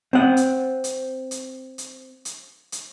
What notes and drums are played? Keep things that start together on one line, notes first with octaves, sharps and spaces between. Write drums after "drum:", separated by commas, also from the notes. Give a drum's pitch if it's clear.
C4 F#5
drum: hi-hat
drum: hi-hat
drum: hi-hat
drum: hi-hat
drum: hi-hat
drum: hi-hat